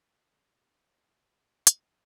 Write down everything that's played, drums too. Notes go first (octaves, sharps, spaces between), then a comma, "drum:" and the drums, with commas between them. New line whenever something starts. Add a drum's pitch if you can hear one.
D2
B2
C4
A#3
G#4
B4
A#3
drum: hi-hat
F2